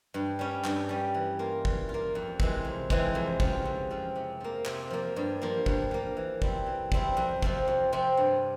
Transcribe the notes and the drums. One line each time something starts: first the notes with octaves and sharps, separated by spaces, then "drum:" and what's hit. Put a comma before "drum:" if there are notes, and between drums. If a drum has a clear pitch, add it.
G2
G3 C#4
G2, drum: clap
G3 C#4
E3
A#3 F4
E3, drum: kick
F4
A#3
F2
C3 E3 G#3, drum: kick
F2
C3 E3 G#3, drum: kick
F2
C#3 F3 C4, drum: kick
F2
C#3 F3 C4
C3
F3 A#3
C3, drum: clap
F3 A#3
G2
F3 A#3
G2, drum: kick
F3 A#3
E3
G3 C4 E4, drum: kick
E3
G3 C4 E4, drum: kick
F2
C3 F3 C4, drum: kick
F2
C3 F3 C4
G2